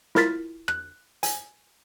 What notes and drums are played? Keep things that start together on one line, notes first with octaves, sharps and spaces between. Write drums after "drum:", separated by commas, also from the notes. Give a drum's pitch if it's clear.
E4 F4 A#4 A6 B6, drum: snare
F#6, drum: rim click
G#5, drum: hi-hat